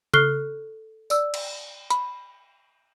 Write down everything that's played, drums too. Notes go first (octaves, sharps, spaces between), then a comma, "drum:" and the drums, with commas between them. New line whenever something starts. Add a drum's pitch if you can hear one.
A4 C#6 F6 F#6 C7 G7, drum: tom C#3
D5 E6, drum: tambourine
drum: cymbal
B5, drum: hi-hat